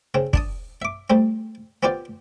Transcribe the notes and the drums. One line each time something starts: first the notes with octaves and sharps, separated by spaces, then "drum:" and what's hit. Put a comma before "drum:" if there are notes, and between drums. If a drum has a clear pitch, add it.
C#3 C4
D4 A5 D#6, drum: kick
E5 D6
G3 A3 C4
B3 C4 F4 G4 D5